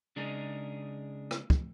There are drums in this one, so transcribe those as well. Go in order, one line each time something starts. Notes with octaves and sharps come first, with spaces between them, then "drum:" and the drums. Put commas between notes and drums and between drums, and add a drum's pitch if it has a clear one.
C#3 G#3 D4 D#4 G#4 A#4
drum: rim click
drum: kick